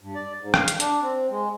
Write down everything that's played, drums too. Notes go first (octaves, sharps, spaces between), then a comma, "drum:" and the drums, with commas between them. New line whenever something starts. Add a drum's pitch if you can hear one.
G2
D5
G#2
F5, drum: rim click
drum: hi-hat
D4, drum: hi-hat
C4
G#3